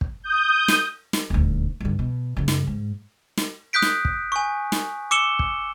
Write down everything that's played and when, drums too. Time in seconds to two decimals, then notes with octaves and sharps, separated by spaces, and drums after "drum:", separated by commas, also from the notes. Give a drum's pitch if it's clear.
0.01 drum: kick
0.23 D#6 G6
0.68 drum: snare
1.13 drum: snare
1.30 D#1 D2
1.80 G2 D3
1.99 B2
2.37 F#2 C#3
2.48 drum: snare
2.67 G#2
3.37 drum: snare
3.73 D#6 F#6 G6 B6 D7
3.82 drum: snare
4.05 drum: kick
4.32 G#5 C#6
4.72 drum: snare
5.11 D6 E6 C#7 E7 G7
5.39 drum: kick